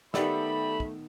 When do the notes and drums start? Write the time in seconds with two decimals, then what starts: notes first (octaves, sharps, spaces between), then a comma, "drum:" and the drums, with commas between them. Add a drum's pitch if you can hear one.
0.14 D#3 A3 B3 G4 A4 D5 B5 E6, drum: snare
0.80 drum: kick